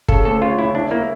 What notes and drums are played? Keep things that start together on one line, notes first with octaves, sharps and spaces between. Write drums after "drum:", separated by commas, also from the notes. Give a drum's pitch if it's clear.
C#3 A4, drum: kick
D2 A4
C#3 F4
C#3 E4
D4 E4
A#3 E4